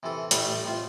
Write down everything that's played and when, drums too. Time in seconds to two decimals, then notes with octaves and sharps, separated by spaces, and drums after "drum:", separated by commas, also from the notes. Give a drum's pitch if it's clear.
0.03 C3 E3 A4
0.31 A1 A2 G3 A3 A5, drum: hi-hat
0.65 C3 F4